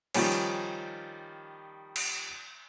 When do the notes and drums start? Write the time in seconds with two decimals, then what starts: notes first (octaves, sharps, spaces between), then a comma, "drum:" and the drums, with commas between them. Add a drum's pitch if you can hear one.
0.14 D#3 F3 G3 C#4, drum: cymbal
0.32 drum: open hi-hat
1.96 drum: cymbal